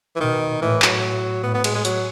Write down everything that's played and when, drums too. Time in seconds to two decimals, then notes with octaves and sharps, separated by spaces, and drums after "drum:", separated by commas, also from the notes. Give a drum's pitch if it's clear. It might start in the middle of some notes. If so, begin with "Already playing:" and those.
0.16 E3
0.20 B2 D#3
0.62 A2 E3
0.82 F#3, drum: clap
1.43 A2 B3
1.54 B3
1.64 G#3, drum: cymbal
1.75 G#3
1.85 F#3, drum: hi-hat